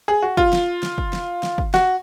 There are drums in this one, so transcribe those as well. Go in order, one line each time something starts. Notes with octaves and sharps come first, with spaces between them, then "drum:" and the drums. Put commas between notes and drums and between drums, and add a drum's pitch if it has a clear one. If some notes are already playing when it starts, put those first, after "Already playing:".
G#4
F#4
F4, drum: kick
drum: snare
drum: snare
drum: kick
drum: snare
drum: snare
drum: kick
F#4, drum: snare